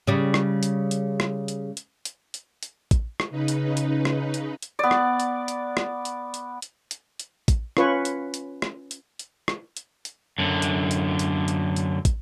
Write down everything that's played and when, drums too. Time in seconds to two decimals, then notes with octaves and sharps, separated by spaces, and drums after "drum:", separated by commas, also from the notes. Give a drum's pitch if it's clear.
0.07 C#3 G3
0.34 drum: rim click
0.63 drum: hi-hat
0.91 drum: hi-hat
1.20 drum: rim click
1.48 drum: hi-hat
1.77 drum: hi-hat
2.05 drum: hi-hat
2.34 drum: hi-hat
2.63 drum: hi-hat
2.91 drum: kick, hi-hat
3.20 drum: rim click
3.30 C#3 D#4 B4
3.48 drum: hi-hat
3.77 drum: hi-hat
4.05 drum: rim click
4.34 drum: hi-hat
4.62 drum: hi-hat
4.79 B3 D5
4.91 drum: rim click
5.20 drum: hi-hat
5.48 drum: hi-hat
5.77 drum: rim click
6.05 drum: hi-hat
6.34 drum: hi-hat
6.62 drum: hi-hat
6.91 drum: hi-hat
7.20 drum: hi-hat
7.48 drum: kick, hi-hat
7.77 C#4 F4 B4 C#5 C#6, drum: rim click
8.05 drum: hi-hat
8.34 drum: hi-hat
8.62 drum: rim click
8.91 drum: hi-hat
9.19 drum: hi-hat
9.48 drum: rim click
9.77 drum: hi-hat
10.05 drum: hi-hat
10.38 F#2 D3
10.62 drum: hi-hat
10.91 drum: hi-hat
11.19 drum: hi-hat
11.48 drum: hi-hat
11.76 drum: hi-hat
12.05 drum: kick, hi-hat